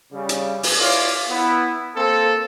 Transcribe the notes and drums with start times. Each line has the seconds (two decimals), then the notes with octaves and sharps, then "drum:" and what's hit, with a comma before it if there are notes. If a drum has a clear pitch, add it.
0.13 C#3 G3
0.29 drum: hi-hat
0.63 drum: open hi-hat
0.79 E4 F4 C#5 D5 F5
1.30 B3 E4
1.96 A#3 C4 A4